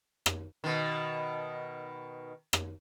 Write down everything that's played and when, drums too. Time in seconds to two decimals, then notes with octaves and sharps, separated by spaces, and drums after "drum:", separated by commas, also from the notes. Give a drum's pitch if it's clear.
0.26 drum: rim click
0.64 B2 D#3
2.53 drum: rim click